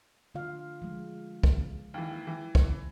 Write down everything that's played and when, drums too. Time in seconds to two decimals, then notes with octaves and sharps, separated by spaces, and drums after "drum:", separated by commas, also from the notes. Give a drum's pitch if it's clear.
0.35 D3 F4 F5
0.82 F3 G#3
1.44 drum: kick
1.94 D#2 E3
2.27 E3
2.55 drum: kick